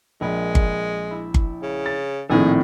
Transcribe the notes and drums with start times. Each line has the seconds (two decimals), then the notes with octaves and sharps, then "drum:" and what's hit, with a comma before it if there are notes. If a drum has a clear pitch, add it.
0.21 A#1 G#3 A#4 B5
0.55 drum: kick G1
1.11 E4
1.34 drum: kick G1
1.62 C#3
1.86 A6
2.30 A#1 A2 D#3 C4 G#4 F#5